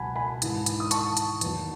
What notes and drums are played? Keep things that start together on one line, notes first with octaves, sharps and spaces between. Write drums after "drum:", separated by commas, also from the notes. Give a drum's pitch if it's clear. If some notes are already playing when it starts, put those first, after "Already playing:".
Already playing: C#2 B2 F#3 F#5 G#5 A5 B5
G#5 B5
G#2 E3, drum: hi-hat
drum: hi-hat
D#6
A5 C#6, drum: hi-hat
drum: hi-hat
E2 D#3 F#3, drum: hi-hat